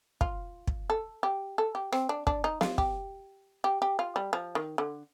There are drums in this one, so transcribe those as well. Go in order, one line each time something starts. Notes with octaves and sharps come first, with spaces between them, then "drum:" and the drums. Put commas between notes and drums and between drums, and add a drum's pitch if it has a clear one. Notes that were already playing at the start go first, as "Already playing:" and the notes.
F4, drum: kick
drum: kick
A4
G4
A4
G4
C4, drum: rim click
D4
D4, drum: kick
D#4
F4, drum: snare
G4, drum: kick
G4
G4
F4
G3
F3
D#3
D3